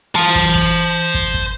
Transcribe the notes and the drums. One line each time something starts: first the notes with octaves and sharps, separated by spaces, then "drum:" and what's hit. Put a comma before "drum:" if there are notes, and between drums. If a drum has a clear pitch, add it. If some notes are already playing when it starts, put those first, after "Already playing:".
C5 A5
drum: kick
drum: kick
drum: kick
drum: kick